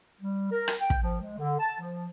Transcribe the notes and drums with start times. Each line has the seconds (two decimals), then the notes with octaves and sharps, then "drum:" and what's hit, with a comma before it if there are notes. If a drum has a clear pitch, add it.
0.21 G3
0.51 A#4
0.68 drum: rim click
0.81 G5
0.90 drum: kick
1.02 F3
1.21 G#3
1.39 D3
1.60 A5
1.80 F3